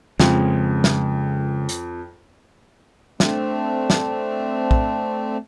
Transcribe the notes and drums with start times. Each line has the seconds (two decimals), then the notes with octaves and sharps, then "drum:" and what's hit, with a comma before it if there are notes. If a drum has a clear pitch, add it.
0.20 F2 C#3 G#3, drum: snare
0.84 drum: snare
1.69 drum: hi-hat
3.20 A3 C4 D4, drum: snare
3.90 drum: snare
4.71 drum: kick A#1